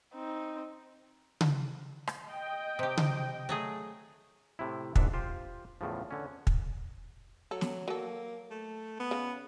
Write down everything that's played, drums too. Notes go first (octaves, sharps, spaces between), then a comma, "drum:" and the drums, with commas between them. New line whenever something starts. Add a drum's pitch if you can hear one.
C4 D#4
drum: tom C#3
drum: rim click
D#5 G5
C3 G4
drum: tom C#3
F#3 A3 G#4
A2 C3 E4
A#1 G#2 D4 E5 F#5, drum: kick
F4 G4 C5
E2 A2 C#3 F3
D3 C#4
drum: kick
F#3 A4
drum: snare
F#3 A#3 A4
A3
B3
C#3